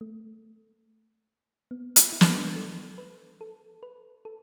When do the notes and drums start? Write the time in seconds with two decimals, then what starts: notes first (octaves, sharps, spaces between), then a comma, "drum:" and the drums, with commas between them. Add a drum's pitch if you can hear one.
0.01 A3
1.71 B3
1.96 drum: hi-hat
2.12 E4
2.21 D4, drum: snare
2.29 B3
2.38 D4
2.56 A4
2.98 B4
3.41 A4
3.83 B4
4.25 A4